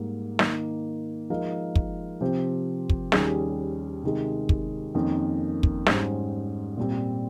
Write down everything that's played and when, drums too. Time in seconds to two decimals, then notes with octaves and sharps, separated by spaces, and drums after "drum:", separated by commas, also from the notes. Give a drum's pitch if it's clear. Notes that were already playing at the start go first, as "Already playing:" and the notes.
Already playing: G#2 G3 A#3
0.39 D#3 A#3 D#4, drum: snare
1.30 F3 G#3 D#4 A#4 F5
1.75 drum: kick
2.21 C3 F3 C4 G4 C5
2.90 drum: kick
3.12 D#2 D#3 G3 C#4 G#4, drum: snare
4.03 C3 D#3 G#3
4.49 drum: kick
4.94 F2 D#3 A#3 C#4
5.63 drum: kick
5.86 G#2 G3 C#4 G#4 C5, drum: snare
6.77 A#2 G3 C4